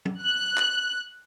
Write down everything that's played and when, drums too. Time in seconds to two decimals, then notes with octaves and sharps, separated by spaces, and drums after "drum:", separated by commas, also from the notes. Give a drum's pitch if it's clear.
0.05 drum: tom
0.22 F#6
0.57 drum: clap